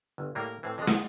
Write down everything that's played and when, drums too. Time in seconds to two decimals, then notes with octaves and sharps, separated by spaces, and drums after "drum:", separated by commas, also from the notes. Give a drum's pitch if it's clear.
0.18 G1
0.35 A2 G3 A#3 A#4
0.63 A2 E3 C4
0.78 F2 G#3 D4
0.87 drum: snare